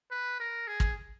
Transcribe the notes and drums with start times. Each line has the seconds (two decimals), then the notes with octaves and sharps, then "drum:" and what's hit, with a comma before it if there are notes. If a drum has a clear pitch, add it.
0.11 B4
0.40 A#4
0.67 G#4
0.80 drum: kick